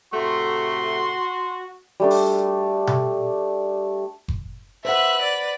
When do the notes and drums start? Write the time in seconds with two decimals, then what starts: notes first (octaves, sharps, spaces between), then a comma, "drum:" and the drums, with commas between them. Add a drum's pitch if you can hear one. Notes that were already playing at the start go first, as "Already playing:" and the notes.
0.14 A2 C3 A3 F#4 C6
2.00 G3 A3 D4
2.11 drum: open hi-hat
2.87 drum: tom B2
4.28 drum: kick F#1
4.85 B4 C5 E5 F#5 F#6
5.22 D5